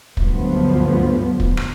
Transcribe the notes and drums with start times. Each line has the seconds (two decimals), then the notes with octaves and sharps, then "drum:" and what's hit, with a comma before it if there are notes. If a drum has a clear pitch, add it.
0.17 D2 G2 F3 F#3 B3, drum: kick
1.40 drum: kick
1.57 drum: rim click